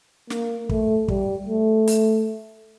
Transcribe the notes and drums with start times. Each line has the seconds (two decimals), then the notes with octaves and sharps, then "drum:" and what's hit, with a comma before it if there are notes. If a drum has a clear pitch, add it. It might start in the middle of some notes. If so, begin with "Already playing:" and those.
0.30 A#3, drum: snare
0.69 A3, drum: kick
1.08 G3, drum: kick
1.47 A3
1.87 drum: hi-hat